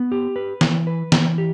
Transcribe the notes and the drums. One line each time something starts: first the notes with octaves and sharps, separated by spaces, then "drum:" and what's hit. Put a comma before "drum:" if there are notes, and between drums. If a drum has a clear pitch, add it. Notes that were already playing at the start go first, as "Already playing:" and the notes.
Already playing: B3
G4
B4
E3, drum: snare
B4
E3, drum: snare
G4